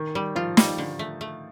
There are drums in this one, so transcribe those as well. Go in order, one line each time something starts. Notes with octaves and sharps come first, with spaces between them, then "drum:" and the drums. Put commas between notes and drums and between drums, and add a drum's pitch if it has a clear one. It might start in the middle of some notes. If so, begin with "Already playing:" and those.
Already playing: D#3
G3
F3 F4
G3, drum: snare
D3
A3
A3